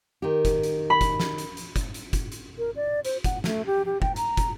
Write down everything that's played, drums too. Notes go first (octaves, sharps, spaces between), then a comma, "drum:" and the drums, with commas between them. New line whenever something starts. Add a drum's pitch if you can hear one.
D#3 G4
drum: kick, hi-hat
drum: hi-hat
B5
drum: kick, hi-hat
drum: snare
drum: hi-hat
drum: hi-hat
drum: kick, hi-hat
drum: hi-hat
drum: kick, hi-hat
drum: hi-hat
A#4
D5
C5, drum: hi-hat
F#5, drum: kick, hi-hat
A3, drum: snare
G4
G4
G5, drum: kick
A#5, drum: hi-hat
drum: kick, hi-hat